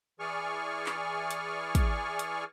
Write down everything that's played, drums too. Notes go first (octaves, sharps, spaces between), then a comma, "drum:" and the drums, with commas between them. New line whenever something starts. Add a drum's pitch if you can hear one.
E3 G#4 D5 G#5 C#6 F6
drum: clap
drum: hi-hat
drum: kick, hi-hat
drum: hi-hat